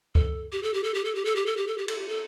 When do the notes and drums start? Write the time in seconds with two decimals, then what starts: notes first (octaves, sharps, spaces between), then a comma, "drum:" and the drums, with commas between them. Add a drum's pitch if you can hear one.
0.15 A4, drum: kick C#2
0.52 G4
0.63 A4
0.74 G4
0.84 A4
0.94 G4
1.05 A4
1.15 G4
1.25 A4
1.36 G4
1.46 A4
1.57 G4
1.67 A4
1.78 G4
1.88 A4, drum: cymbal
1.98 G4
2.09 A4